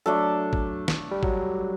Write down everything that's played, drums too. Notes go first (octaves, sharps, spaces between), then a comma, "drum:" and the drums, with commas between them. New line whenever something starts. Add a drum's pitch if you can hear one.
F#3 A3 D4 A4
drum: kick
drum: snare
G3
F#3, drum: kick